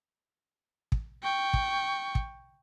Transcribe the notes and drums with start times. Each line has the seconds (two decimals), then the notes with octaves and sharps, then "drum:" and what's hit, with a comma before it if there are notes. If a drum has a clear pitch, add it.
0.92 drum: kick
1.23 G5 C#6
1.54 drum: kick
2.15 drum: kick